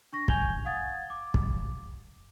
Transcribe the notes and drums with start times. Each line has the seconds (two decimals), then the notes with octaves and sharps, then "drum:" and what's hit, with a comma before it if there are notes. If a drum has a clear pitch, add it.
0.13 D4 C#6 A#6
0.28 G#5 G6 G#6 F7 G7, drum: kick
0.65 F5 F#5 D#6 G#6 A6
1.10 D6
1.34 drum: kick